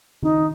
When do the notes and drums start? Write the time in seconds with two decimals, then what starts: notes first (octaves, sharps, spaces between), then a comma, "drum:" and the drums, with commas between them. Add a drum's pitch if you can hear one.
0.23 D#4, drum: tom D#3